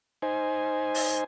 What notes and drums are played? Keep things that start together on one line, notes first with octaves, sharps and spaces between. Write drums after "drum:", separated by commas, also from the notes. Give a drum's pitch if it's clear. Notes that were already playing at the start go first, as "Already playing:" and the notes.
D#4 C5 G#5
drum: open hi-hat